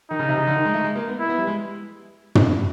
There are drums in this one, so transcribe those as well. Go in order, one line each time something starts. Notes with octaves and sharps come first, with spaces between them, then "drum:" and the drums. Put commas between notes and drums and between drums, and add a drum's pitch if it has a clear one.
D#3 D#4
C#3
C3
C#3
D3
D#3
G#3
A3
G#3
A#3
B3
E4
B3
G3
G#3
drum: tom